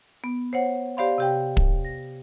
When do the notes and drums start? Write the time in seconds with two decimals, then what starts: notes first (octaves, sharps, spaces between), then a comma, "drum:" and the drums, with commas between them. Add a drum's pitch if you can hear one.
0.24 B3
0.53 C5 C#5 F#5
0.97 G4 C5 D5 F5 B5 C6
1.18 C3 G4 G5
1.57 drum: kick
1.85 A#6